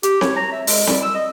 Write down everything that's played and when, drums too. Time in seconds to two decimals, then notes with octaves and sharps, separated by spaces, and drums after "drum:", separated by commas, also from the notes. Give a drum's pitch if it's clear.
0.03 G4, drum: hi-hat
0.21 C#5, drum: snare C4
0.36 A#5
0.52 E5
0.67 G#3, drum: open hi-hat
0.87 G3, drum: snare C4
1.02 E6
1.15 D#5